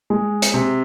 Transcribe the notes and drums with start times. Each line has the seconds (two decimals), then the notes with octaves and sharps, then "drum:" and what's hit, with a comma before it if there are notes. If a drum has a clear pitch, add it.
0.10 G#3
0.42 drum: hi-hat
0.54 C3